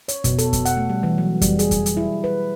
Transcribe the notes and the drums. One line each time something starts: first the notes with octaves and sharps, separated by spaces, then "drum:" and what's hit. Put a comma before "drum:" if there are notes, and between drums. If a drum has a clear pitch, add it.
C#5, drum: hi-hat
B2, drum: kick F2, hi-hat
A4, drum: hi-hat
drum: kick F2, hi-hat
F#5, drum: hi-hat
A3
G3
E3
F#3
G3, drum: kick F2, hi-hat
G#4, drum: hi-hat
drum: kick F2, hi-hat
drum: hi-hat
E4
B4